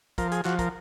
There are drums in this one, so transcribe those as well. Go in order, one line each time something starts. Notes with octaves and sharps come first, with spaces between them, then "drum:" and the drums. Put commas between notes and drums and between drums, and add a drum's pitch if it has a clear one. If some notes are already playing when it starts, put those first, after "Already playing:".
F3 A#4, drum: kick, hi-hat
G#4, drum: hi-hat
F3 F#4, drum: clap
A#4, drum: kick, hi-hat